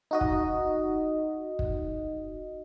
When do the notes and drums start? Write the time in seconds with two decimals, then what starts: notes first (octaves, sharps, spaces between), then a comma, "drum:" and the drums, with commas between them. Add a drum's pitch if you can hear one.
0.11 D#4 F#4 D#5
0.21 drum: kick
1.59 drum: kick